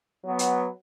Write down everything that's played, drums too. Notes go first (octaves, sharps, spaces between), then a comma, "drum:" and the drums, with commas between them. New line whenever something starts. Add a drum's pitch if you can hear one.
F#3 B3
drum: hi-hat